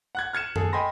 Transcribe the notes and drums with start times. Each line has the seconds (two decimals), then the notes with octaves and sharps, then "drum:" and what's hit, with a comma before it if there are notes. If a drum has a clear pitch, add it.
0.15 F#5 F#6 G#6
0.33 F6 G#6 C#7 E7
0.56 G#4 A4, drum: tom F#2
0.73 D#5 G5 G#5 B5 C6 A#6